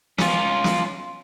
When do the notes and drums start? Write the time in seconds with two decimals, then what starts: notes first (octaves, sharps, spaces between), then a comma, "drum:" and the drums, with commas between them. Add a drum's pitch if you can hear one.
0.18 C#4 F4, drum: snare
0.64 drum: snare